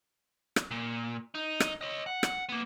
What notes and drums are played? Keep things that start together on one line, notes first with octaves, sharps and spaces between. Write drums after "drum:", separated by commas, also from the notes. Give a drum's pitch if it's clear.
drum: rim click
A#2
D#4
drum: rim click
C#5 D#5
F#5
drum: rim click
A#3 B3